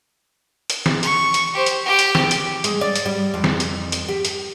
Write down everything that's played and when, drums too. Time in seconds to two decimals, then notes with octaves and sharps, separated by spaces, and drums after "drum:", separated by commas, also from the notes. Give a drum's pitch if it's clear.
0.70 drum: hi-hat
0.86 drum: snare
1.03 C#6, drum: hi-hat
1.34 drum: hi-hat
1.53 G4 C5
1.66 drum: hi-hat
1.85 G4 G5
1.99 drum: hi-hat
2.15 drum: snare
2.31 drum: hi-hat
2.64 G#3, drum: hi-hat
2.81 D5
2.96 drum: hi-hat
3.06 G3
3.34 F2
3.44 drum: snare
3.60 drum: hi-hat
3.92 drum: hi-hat
4.08 G4
4.25 drum: hi-hat